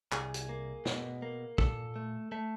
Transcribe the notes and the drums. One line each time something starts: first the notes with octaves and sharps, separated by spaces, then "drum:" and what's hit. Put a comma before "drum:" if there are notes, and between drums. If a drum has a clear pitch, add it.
C2 G#4, drum: clap
drum: hi-hat
A#3
B2, drum: snare
A#3
A#2 A4, drum: kick
A3
A3